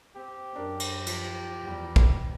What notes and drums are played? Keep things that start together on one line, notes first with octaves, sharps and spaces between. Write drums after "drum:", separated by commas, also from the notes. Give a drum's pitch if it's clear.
C4 G4
F#2 D4 A#4
drum: cymbal
F3, drum: cymbal
E2 G3
drum: kick